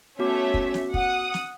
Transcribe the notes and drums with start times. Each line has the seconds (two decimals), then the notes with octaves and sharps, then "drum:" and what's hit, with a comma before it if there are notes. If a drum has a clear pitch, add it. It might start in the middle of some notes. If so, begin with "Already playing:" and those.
0.19 A3 B3 C#4 F#4 E5 D6
0.54 drum: kick
0.74 drum: snare
0.94 F#5 D#6, drum: kick
1.34 drum: snare